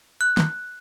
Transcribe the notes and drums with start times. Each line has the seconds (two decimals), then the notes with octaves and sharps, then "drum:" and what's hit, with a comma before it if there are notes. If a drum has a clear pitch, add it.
0.21 F#6
0.37 drum: snare